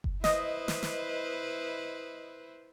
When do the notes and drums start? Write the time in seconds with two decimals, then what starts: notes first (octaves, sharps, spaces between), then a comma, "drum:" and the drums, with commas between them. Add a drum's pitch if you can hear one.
0.04 drum: kick F#1
0.24 E4 B4 C5 D#5, drum: snare
0.68 drum: snare
0.83 drum: snare